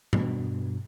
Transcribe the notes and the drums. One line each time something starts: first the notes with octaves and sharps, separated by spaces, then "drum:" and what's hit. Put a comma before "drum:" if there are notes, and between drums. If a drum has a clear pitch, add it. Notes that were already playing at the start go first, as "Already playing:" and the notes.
G2 B2, drum: tom G2